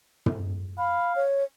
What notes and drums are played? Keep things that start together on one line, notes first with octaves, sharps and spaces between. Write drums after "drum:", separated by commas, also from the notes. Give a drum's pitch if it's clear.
drum: tom
F5 B5
C#5